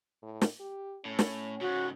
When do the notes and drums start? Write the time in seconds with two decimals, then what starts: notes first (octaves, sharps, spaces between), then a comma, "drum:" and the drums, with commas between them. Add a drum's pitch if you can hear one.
0.22 A2
0.41 drum: snare
0.60 G4
1.05 A2 C#4
1.19 drum: snare
1.61 G#2 C#3 F#4